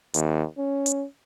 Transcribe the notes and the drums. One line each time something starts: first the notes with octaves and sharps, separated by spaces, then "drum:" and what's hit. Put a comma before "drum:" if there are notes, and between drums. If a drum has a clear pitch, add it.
D#2, drum: hi-hat
C#4
drum: hi-hat